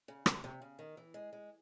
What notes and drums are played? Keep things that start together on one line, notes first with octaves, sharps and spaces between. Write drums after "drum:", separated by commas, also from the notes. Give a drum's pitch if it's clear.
C#3
C3, drum: rim click
C3
C#3
D#3
E3
G#3
G#3